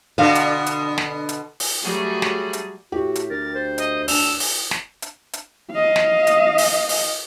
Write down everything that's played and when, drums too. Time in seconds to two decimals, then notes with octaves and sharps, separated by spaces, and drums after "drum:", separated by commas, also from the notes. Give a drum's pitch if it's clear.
0.18 B2 D3 F5
0.35 drum: hi-hat
0.66 drum: hi-hat
0.98 drum: snare
1.29 drum: hi-hat
1.60 drum: open hi-hat
1.82 F#3 G3 A3 F#4 G#4
2.22 drum: snare
2.53 drum: hi-hat
2.92 A2 F#4 G4
3.15 drum: hi-hat
3.30 D2 A#4 A6
3.55 C5
3.78 D#5, drum: hi-hat
4.08 D4 E6 F7, drum: open hi-hat
4.40 drum: open hi-hat
4.71 drum: snare
5.02 drum: hi-hat
5.33 drum: hi-hat
5.72 D#5 F5
5.96 drum: snare
6.27 drum: hi-hat
6.58 drum: open hi-hat
6.89 drum: open hi-hat